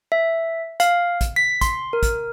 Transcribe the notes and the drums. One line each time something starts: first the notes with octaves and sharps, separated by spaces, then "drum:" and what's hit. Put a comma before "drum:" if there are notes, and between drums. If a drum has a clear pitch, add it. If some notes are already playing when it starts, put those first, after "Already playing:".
E5
F5, drum: hi-hat
drum: kick, hi-hat
B6
C6, drum: kick, hi-hat
A#4
drum: kick, hi-hat